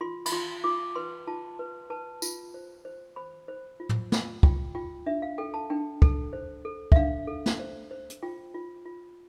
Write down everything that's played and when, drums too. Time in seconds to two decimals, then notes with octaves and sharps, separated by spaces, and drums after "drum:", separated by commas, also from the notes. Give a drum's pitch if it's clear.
0.01 F4 C6
0.26 B5, drum: cymbal
0.32 F4 C6
0.64 F4 D6
0.95 B4 C6
1.27 F4 A5
1.59 B4
1.90 B4 A5
2.22 F4, drum: tambourine
2.54 C5
2.85 C5
3.16 C5 B5
3.48 C5
3.80 F4
3.89 drum: tom
4.12 F4, drum: snare
4.43 F4 G5, drum: kick
4.75 F4 G5
5.06 D4 E5
5.22 F5
5.38 A4 G5
5.54 A5
5.70 D4 G5
6.02 A4, drum: kick
6.33 C5
6.65 A4
6.92 E5, drum: kick
6.96 D4 F5
7.27 A4
7.46 drum: snare
7.59 C5
7.91 C5
8.10 drum: hi-hat
8.23 F4 G5
8.54 F4
8.85 F4